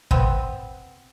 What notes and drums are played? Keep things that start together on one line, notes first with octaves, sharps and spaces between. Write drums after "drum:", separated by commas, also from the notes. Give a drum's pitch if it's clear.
B3 C4, drum: kick